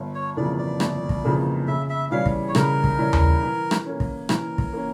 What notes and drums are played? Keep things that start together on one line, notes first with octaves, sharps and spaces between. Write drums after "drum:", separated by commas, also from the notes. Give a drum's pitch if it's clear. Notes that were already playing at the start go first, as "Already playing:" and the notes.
Already playing: G1
C#5
F2 C#3 E3 A#3 D5
D5
G1, drum: rim click
drum: kick
F2 C#3 E3 A#3
C#3 E5
E5
E3 G3 C#4 E4 F5
drum: kick
C#5
C#3 A#4, drum: rim click
drum: kick
E3 G3 C#4 E4
drum: tom D#2
E3
drum: rim click
A#3 C#4
drum: kick
E3 A#4, drum: rim click
drum: kick
A#3 C#4